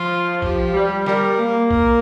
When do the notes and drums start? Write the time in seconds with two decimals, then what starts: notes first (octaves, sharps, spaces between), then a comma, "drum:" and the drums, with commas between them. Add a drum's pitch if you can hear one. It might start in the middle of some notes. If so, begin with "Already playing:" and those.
Already playing: F3 F4
0.42 G4, drum: kick A#1
0.74 G3
1.06 G3 A#4, drum: snare
1.39 A#3
1.71 A#4, drum: kick A#1